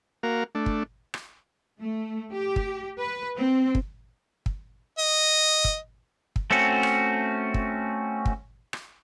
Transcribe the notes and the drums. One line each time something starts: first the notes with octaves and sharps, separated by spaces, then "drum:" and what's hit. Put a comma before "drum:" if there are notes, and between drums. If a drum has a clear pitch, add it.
A#3 F#4 A#4 F5
A3 D4
drum: kick
drum: rim click
A3
G4
drum: kick
B4
C4
drum: kick
drum: kick
D#5
drum: kick
drum: kick
A3 C4 C#4 F#4
drum: rim click
drum: kick
drum: kick
drum: rim click